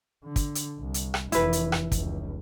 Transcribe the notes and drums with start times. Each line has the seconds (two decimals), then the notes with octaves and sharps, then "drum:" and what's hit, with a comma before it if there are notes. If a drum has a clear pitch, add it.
0.24 D3
0.36 drum: kick, hi-hat
0.55 drum: hi-hat
0.79 C2
0.94 drum: hi-hat
1.14 drum: rim click
1.32 F1 E3 E4 B4, drum: hi-hat
1.53 drum: hi-hat
1.72 drum: rim click
1.92 F1 C#2, drum: kick, hi-hat